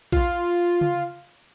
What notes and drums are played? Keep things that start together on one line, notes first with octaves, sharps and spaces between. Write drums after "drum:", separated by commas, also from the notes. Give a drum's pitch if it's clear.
F4, drum: kick A#1
drum: tom C#3